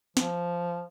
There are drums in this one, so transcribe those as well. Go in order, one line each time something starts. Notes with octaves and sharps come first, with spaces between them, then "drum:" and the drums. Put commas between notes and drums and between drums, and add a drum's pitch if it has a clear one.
F3, drum: snare